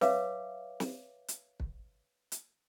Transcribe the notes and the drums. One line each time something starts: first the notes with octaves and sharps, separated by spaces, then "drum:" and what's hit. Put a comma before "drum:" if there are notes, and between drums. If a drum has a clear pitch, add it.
B4 C#5 E5 F5 D6, drum: snare
drum: snare
drum: hi-hat
drum: kick
drum: hi-hat